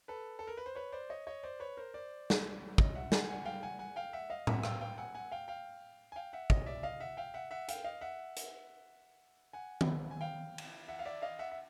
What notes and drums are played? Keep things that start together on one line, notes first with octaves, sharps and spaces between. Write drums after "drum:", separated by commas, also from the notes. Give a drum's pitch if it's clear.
A4 B4
A4
A#4
B4
C5
B4 C#5
C5 D5
C#5 D#5
C#5 D#5
C5 D5
B4 C#5
A#4 C5
C5 D5
drum: snare
C#5 D#5, drum: kick
E5 F#5
F#5 G#5, drum: snare
F#5 G#5
F5 G5
F#5 G#5
F#5 G#5
F5 G5
E5 F#5
D#5 F5
E5 F#5, drum: tom A2
F5 G5, drum: rim click
F5 G5
F#5 G#5
F#5 G#5
F5 G5
F5 G5
G#5
F5 G5
E5 F#5
C#5 D#5, drum: kick
D5 E5
D#5 F5
E5 F#5
F5 G5
E5 F#5
E5 F#5
F5 G5, drum: hi-hat
D#5 F5
E5 F#5
drum: hi-hat
F#5 G#5
drum: tom D#3
G#5
F5 G5
drum: cymbal
E5 F#5
F5
D5 E5
D#5 F5
E5 F#5
E5